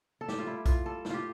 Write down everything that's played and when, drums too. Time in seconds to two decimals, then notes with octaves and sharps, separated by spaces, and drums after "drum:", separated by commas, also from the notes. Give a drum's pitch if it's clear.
0.21 A4
0.28 A2 G4, drum: snare
0.39 F4
0.47 G3 E4
0.66 A2 F4, drum: kick B1, hi-hat
0.86 G3 A4
1.05 A2, drum: snare
1.10 F4 G4